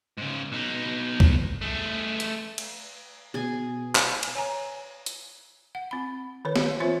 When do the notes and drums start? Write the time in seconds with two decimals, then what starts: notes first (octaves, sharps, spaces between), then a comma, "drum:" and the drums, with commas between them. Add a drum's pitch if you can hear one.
0.17 G#2 C#3
0.52 B2 D#4
1.20 drum: kick C2
1.61 A3 G#4
2.20 drum: hi-hat
2.58 drum: cymbal
3.34 B2 G#4 G#5
3.95 drum: clap
4.23 drum: cymbal
4.35 C#5 G#5 A#5
5.06 drum: hi-hat
5.75 F#5
5.91 C4 B5
6.45 D#3 B4 C#5
6.56 drum: snare
6.80 E3 C4 F4 C5 C#5 E5